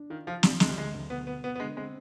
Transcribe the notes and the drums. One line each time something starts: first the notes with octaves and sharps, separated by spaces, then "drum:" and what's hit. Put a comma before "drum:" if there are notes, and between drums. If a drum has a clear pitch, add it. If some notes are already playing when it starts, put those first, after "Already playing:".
Already playing: D4
D#3 F4
F3 F4
G3 F4, drum: snare
D2 G#3, drum: snare
G3
D2 G#3
D2
B2 B3
B2 B3
B2 B3
B3
D3 G#3
G#3 C4